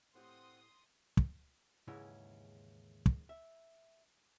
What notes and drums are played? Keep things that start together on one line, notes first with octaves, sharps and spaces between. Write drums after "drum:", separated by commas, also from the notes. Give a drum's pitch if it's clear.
A2 C4 G4 F#5 C6 D#6
drum: kick
D#2 G#2 C#3 E3 C#4 E4
drum: kick
E5